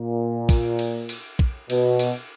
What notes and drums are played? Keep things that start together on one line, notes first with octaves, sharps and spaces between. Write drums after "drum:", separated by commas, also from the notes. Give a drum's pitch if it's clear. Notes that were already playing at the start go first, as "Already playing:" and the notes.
Already playing: A#2
drum: kick, cymbal
drum: cymbal
drum: cymbal
drum: kick
B2, drum: cymbal
drum: cymbal